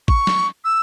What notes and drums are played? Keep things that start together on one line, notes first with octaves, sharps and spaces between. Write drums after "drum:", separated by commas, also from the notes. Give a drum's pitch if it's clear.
C#6, drum: kick A1
drum: snare
E6